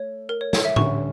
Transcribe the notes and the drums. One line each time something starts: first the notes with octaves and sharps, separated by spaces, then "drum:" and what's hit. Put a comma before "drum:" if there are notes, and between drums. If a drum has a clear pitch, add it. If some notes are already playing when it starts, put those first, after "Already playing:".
Already playing: A3 C#5
A#4
C#5
C#5, drum: snare
E5
D2 D3 G3 C#4 C#6, drum: tom A2